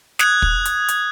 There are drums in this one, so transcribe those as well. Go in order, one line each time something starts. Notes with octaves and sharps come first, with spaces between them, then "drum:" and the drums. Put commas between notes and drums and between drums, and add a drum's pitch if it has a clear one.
D#6 F#6 G#6, drum: snare
drum: kick
drum: hi-hat
drum: hi-hat